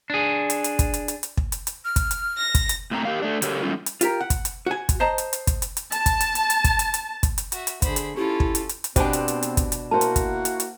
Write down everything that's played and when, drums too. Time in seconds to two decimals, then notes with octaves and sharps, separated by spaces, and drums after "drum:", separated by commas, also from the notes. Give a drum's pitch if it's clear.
0.10 D4 G#4
0.50 drum: hi-hat
0.64 drum: hi-hat
0.79 drum: kick, hi-hat
0.94 drum: hi-hat
1.08 drum: hi-hat
1.23 drum: hi-hat
1.37 drum: kick
1.52 drum: hi-hat
1.67 drum: hi-hat
1.85 F6
1.96 drum: kick, hi-hat
2.11 drum: hi-hat
2.37 A#6
2.55 drum: kick, hi-hat
2.69 drum: hi-hat
2.91 A2 C4 A#5
3.05 G4 A#4 F5
3.22 A3 D4
3.42 C#3 F#3 G4 A4 A#4 C#5, drum: hi-hat
3.63 E3 G3 A3 C#4 F4
3.86 drum: hi-hat
4.01 F4 G4 A#4, drum: hi-hat
4.21 F#5
4.30 drum: kick, hi-hat
4.45 drum: hi-hat
4.66 F#4 G#5
4.89 drum: kick, hi-hat
5.00 C5 D#5 A5 A#5
5.18 drum: hi-hat
5.33 drum: hi-hat
5.47 drum: kick, hi-hat
5.62 drum: hi-hat
5.77 drum: hi-hat
5.92 A5, drum: hi-hat
6.06 drum: kick, hi-hat
6.21 drum: hi-hat
6.35 drum: hi-hat
6.50 drum: hi-hat
6.64 drum: kick, hi-hat
6.79 drum: hi-hat
6.94 drum: hi-hat
7.23 drum: kick, hi-hat
7.38 drum: hi-hat
7.52 F#4 E5, drum: hi-hat
7.67 drum: hi-hat
7.82 D3 G#4 C5 B5, drum: kick, hi-hat
7.96 drum: hi-hat
8.17 C#4 E4 F4 G4 A4
8.40 drum: kick
8.55 drum: hi-hat
8.69 drum: hi-hat
8.84 drum: hi-hat
8.96 B2 B3 C4 D4 G4 C5 G#5, drum: kick, hi-hat
9.13 drum: hi-hat
9.28 drum: hi-hat
9.43 drum: hi-hat
9.57 drum: kick, hi-hat
9.72 drum: hi-hat
9.91 A#3 E4 F#4 A#4 C5 A5
10.01 drum: hi-hat
10.16 drum: kick, hi-hat
10.45 drum: hi-hat
10.60 drum: hi-hat